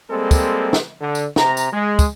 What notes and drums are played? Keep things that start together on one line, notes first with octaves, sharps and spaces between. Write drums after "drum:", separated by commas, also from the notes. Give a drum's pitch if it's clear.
G3 G#3 A#3 C4 A4
drum: kick, tambourine
drum: snare
D3
drum: tambourine
C3 A#5, drum: snare
drum: tambourine
G#3
drum: kick, tambourine